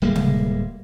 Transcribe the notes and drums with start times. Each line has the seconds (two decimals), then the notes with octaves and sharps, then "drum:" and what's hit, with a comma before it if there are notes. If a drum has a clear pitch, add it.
0.02 D1 G3 G#3 A#3
0.16 drum: tom C3